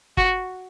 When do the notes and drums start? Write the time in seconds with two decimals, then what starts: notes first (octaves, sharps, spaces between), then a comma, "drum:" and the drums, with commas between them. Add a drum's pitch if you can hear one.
0.17 F#4, drum: kick G1